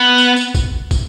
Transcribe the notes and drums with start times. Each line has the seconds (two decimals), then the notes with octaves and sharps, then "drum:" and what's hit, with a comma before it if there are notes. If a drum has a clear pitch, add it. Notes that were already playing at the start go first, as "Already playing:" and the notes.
Already playing: B3
0.18 drum: tambourine
0.36 drum: tambourine
0.55 drum: kick, tambourine
0.91 drum: kick, tambourine